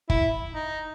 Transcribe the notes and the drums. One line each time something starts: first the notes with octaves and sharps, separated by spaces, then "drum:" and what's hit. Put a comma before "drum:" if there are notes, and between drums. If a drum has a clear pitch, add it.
E4, drum: kick
D#4